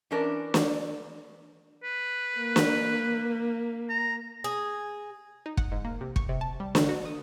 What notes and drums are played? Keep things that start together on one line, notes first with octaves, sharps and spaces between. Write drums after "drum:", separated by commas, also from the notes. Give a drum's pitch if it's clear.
E3 C#4 D4 A#4 D5
drum: snare
B4
A#3
drum: snare
A#5
G#4
D#4
F#5, drum: kick
G#2
A#3
C3
C#6, drum: kick
C3
A5
G3
D3, drum: snare
F#4
D#6